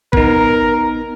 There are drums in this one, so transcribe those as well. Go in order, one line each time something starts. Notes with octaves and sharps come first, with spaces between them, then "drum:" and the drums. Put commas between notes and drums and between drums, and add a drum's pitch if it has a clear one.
B3 D#4 A#4, drum: kick